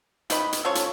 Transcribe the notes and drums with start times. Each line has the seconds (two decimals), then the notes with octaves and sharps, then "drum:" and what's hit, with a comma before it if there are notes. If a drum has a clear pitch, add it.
0.30 D#3 B4 D#5 B5, drum: hi-hat
0.53 drum: hi-hat
0.65 C#4 F4 A4 C#5
0.75 drum: hi-hat